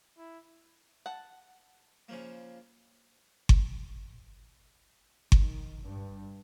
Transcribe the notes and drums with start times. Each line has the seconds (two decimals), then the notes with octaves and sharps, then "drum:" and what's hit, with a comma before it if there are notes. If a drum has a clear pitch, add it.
0.18 E4
1.06 F#5 A5
2.08 C#3 F3 A#3
3.49 drum: kick G1
5.32 D#3, drum: kick G1
5.83 G2